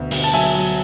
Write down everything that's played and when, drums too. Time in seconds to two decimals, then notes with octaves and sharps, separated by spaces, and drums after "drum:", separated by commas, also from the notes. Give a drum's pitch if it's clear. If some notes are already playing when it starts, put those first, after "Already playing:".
Already playing: D2 B2
0.11 D2, drum: open hi-hat
0.24 A5
0.33 F#3 E5 G#5
0.55 F#3